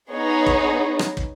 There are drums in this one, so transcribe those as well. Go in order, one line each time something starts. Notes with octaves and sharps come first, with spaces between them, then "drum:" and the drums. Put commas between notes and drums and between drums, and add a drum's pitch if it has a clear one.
B3 D#4 G#4 C#5
drum: kick
drum: rim click
drum: kick